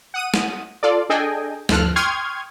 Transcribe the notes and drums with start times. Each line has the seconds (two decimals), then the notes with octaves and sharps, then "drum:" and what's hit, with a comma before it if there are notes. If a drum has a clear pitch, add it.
0.14 F#5 D#6 D#7
0.34 drum: snare
0.83 F4 A4 D5
1.09 D4 G#4 A4 D#5 G5 G#5
1.69 D2 G2 F3 A4 F6 F#6, drum: snare
1.96 G5 C6 C#6 D#6 F6 G#6